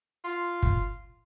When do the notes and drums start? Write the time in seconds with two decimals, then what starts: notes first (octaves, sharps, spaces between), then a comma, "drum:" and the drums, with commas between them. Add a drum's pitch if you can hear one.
0.24 F4
0.63 drum: kick